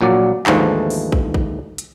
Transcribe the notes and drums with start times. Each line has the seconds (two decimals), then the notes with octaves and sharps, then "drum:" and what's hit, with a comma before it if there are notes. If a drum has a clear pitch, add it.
0.01 A#1 A#2 F#3 D5
0.46 D#2 G#2 D3 E3 F3 A3, drum: clap
0.90 drum: open hi-hat
1.12 drum: kick
1.34 drum: kick
1.78 drum: hi-hat